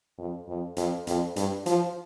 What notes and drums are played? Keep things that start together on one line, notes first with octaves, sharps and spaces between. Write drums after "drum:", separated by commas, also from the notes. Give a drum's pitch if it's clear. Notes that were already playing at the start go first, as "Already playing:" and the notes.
F2
F2
F2, drum: hi-hat
F2, drum: hi-hat
G2, drum: hi-hat
F3, drum: hi-hat